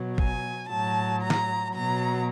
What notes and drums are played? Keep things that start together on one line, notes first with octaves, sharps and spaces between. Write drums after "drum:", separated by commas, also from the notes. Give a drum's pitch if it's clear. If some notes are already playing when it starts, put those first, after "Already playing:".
Already playing: B2 F#3
G#5, drum: kick
A2 F#3 A5
A#5
drum: snare
B2 F#3 A#5